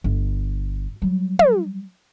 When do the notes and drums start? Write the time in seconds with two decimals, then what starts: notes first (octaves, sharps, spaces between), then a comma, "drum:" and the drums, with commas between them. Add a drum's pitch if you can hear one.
0.04 G1
1.02 F#3 G3
1.39 drum: tom